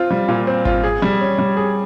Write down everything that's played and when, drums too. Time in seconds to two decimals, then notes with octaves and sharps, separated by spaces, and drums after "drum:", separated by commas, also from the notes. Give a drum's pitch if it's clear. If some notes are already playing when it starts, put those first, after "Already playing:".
Already playing: C4 F4
0.11 G3
0.28 A#2
0.47 C4
0.65 F4, drum: kick G#1
0.83 G#4
1.02 G3
1.21 C#4
1.39 G3
1.57 G#4